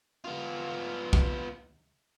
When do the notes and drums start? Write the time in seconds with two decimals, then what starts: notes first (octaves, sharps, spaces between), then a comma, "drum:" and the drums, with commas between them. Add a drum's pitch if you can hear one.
0.24 B3 F4
1.13 drum: kick B1